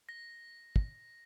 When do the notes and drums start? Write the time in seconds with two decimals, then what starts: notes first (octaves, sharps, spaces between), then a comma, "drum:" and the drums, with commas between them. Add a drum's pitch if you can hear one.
0.09 A#6
0.76 drum: kick